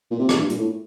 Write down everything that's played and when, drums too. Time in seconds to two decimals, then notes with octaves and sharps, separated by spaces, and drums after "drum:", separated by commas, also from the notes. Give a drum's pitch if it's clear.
0.11 A#2
0.19 C3
0.29 A#2, drum: rim click
0.39 G2
0.50 A#2, drum: hi-hat
0.58 A2